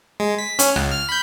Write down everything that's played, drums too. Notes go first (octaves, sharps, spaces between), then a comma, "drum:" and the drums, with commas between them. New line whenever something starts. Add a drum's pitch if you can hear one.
G#3
B6
C#4, drum: hi-hat
C#2, drum: rim click
F6
B5 G6